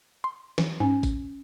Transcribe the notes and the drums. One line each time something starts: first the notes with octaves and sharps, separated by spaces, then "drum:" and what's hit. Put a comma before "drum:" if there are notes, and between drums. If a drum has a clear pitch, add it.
C6
E3, drum: snare
G#2 C#4 G#5
drum: kick G#1, tambourine